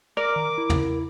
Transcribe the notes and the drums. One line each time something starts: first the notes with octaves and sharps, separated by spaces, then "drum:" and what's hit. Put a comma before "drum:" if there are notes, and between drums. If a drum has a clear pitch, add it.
A#4 D5 D6
D#3
E4
drum: tom